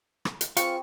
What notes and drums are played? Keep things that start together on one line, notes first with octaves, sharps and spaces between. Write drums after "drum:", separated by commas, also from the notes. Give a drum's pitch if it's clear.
drum: rim click
drum: hi-hat
C4 F4 G#4 B4 C5 F5 C#6, drum: hi-hat